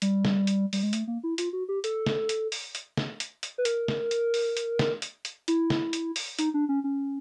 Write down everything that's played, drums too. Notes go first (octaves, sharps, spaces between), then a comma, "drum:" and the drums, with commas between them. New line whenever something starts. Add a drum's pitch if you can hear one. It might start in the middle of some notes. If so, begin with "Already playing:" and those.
G3, drum: hi-hat
drum: snare
drum: hi-hat
G3, drum: open hi-hat
G#3
A3, drum: hi-hat
A#3
E4
F4, drum: hi-hat
F#4
G4
A4, drum: hi-hat
drum: snare
drum: hi-hat
drum: open hi-hat
drum: hi-hat
drum: snare
drum: hi-hat
drum: hi-hat
B4
A#4, drum: hi-hat
drum: snare
drum: hi-hat
drum: open hi-hat
drum: hi-hat
drum: snare
drum: hi-hat
drum: hi-hat
E4, drum: hi-hat
drum: snare
drum: hi-hat
drum: open hi-hat
D#4, drum: hi-hat
D4
C#4
C#4